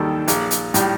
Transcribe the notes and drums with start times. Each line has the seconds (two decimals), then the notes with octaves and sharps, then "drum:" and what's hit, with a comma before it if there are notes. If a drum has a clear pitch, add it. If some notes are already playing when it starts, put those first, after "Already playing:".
Already playing: D#2 D#3 G3 A4
0.28 A#1, drum: hi-hat
0.51 drum: hi-hat
0.74 A2 G3, drum: hi-hat